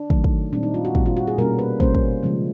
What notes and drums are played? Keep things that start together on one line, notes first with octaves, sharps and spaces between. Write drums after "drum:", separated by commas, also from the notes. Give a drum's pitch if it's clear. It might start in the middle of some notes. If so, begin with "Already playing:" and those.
Already playing: D4
D#3 F#3 A3, drum: kick
drum: kick
A#2 G3 C4 D4
D#4
F4
F#4
A#2 G3 C4, drum: kick
F4
F#4
G#4
B2 G3 A#3 C#4 A#4
B4
B2 G3 A#3 C#4 C5, drum: kick
drum: kick
C#3 F3 G#3